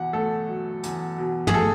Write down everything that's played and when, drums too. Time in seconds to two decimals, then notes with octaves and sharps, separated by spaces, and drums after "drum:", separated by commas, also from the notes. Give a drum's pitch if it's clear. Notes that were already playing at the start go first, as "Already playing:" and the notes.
Already playing: E2 B2 F#5
0.13 A3 A4
0.48 F#3
0.83 E2, drum: hi-hat
1.18 B2
1.47 G#4, drum: tom
1.54 A3 A4